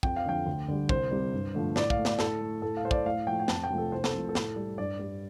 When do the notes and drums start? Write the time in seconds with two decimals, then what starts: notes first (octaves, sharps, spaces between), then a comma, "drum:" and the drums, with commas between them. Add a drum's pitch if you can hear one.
0.03 F2 G5, drum: kick
0.16 F5
0.26 D3 F3 G5
0.46 D2
0.68 D3 G3
0.89 C2 C5, drum: kick
1.11 C3 G3
1.34 G2
1.55 D3 F3 A3
1.76 A2 D5, drum: snare
1.90 F5, drum: kick
1.98 A3
2.05 D5, drum: snare
2.19 A2 A4, drum: snare
2.41 A3
2.62 A2 A4
2.77 F5
2.84 A3 C5
2.91 D5, drum: kick
3.05 A2 F5
3.27 F3 A3 G5
3.40 G5
3.48 F2 A5, drum: snare
3.64 G5
3.70 C3 F3 A3
3.78 A4
3.92 C2 C5
4.04 A4, drum: snare
4.13 C3 F3 A3
4.29 A4
4.35 A2, drum: snare
4.56 G3
4.78 G2 D5
4.99 G3